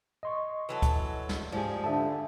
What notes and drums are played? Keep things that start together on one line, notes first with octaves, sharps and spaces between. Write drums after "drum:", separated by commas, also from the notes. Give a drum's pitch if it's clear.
D#5 C6 C#6
E3 F#3 A4
drum: kick, hi-hat
drum: snare
G#2 F3 G4 G#4 D5
D3 E5 A5